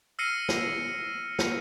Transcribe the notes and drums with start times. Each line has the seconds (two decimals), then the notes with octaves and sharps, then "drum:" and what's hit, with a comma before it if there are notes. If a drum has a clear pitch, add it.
0.19 E6 F6 A#6 C7 C#7 D#7
0.49 drum: snare
1.39 drum: snare